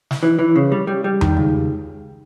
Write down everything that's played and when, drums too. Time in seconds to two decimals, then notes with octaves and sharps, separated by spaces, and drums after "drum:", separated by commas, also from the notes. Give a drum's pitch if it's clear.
0.11 drum: snare
0.23 E3
0.39 E3
0.56 C#3
0.72 G3
0.87 G3
1.04 G3
1.21 D#3, drum: tom E2
1.37 C#2